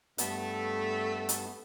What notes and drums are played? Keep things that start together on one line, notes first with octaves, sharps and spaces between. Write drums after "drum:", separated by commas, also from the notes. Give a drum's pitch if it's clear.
G2 A3 B3, drum: hi-hat
drum: hi-hat